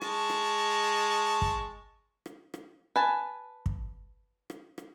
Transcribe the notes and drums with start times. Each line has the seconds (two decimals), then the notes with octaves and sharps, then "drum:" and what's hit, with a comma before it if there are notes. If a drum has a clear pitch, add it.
0.02 G#3 A5 C#6, drum: rim click
0.30 drum: rim click
1.42 drum: kick
2.26 drum: rim click
2.54 drum: rim click
2.96 B4 G#5 A5
3.66 drum: kick
4.50 drum: rim click
4.78 drum: rim click